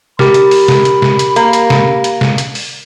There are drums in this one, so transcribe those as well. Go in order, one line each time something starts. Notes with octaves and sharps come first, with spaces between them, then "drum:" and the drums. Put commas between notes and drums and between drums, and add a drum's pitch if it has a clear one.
G4 A#4 B5, drum: snare
drum: hi-hat
drum: open hi-hat
drum: snare
drum: hi-hat
drum: snare
drum: hi-hat
A#3, drum: hi-hat
drum: hi-hat
drum: snare
drum: hi-hat
drum: snare
drum: hi-hat
drum: open hi-hat